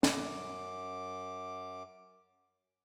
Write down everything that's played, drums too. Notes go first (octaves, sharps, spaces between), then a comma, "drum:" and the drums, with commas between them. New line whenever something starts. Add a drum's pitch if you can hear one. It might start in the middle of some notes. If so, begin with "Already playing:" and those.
F#2 D6, drum: snare